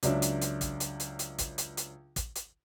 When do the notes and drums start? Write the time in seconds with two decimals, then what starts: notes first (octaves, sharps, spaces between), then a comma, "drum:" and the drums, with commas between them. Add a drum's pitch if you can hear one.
0.03 C#2 F#3 D4 E5, drum: hi-hat
0.22 drum: hi-hat
0.42 drum: hi-hat
0.61 drum: kick, hi-hat
0.80 drum: hi-hat
1.00 drum: hi-hat
1.19 drum: hi-hat
1.39 drum: kick, hi-hat
1.58 drum: hi-hat
1.77 drum: hi-hat
2.16 drum: kick, hi-hat
2.36 drum: hi-hat